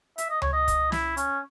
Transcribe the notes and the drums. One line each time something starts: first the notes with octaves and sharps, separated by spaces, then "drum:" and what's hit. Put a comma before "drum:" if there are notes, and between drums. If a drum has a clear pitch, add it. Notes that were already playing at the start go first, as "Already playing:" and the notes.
E5, drum: hi-hat
D#5
C#5, drum: tom C#2
D#5
drum: kick, hi-hat
E4, drum: snare
C#4, drum: hi-hat